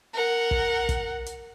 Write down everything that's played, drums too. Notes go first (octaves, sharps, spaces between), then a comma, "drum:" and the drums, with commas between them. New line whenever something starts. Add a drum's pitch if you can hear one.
A#4 F#5
drum: kick
drum: kick, hi-hat
drum: hi-hat